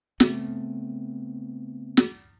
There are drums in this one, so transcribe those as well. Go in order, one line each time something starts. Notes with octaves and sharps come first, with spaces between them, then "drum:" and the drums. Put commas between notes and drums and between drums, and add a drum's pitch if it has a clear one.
C#3 A3 B3 C4, drum: snare
drum: snare